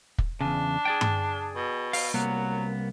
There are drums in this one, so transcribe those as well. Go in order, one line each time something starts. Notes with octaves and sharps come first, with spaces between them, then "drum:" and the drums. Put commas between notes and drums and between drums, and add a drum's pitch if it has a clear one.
drum: kick
E2 C#3 D4
G#4 D5 G5
drum: tom G2
B2
F5, drum: open hi-hat
C2 F#3 A#3 B3